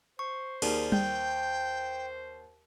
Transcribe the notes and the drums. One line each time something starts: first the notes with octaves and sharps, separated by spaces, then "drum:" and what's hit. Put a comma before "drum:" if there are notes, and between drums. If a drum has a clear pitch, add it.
C5 C#6
D#2 G#4 A#4 D5, drum: cymbal
G5 G6, drum: tom G3